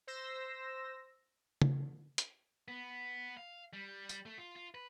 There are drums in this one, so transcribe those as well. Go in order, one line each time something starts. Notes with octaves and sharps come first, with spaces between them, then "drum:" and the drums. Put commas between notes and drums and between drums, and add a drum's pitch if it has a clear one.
C5 E6 A#6
drum: tom C#3
drum: hi-hat
B3
F5
G3
drum: tambourine
A3
F4
F4
B4